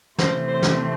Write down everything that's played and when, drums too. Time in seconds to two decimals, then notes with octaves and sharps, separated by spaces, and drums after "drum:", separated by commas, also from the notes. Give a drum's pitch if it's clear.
0.18 C3 E3 A3 C4 C5, drum: snare
0.48 C5
0.62 drum: snare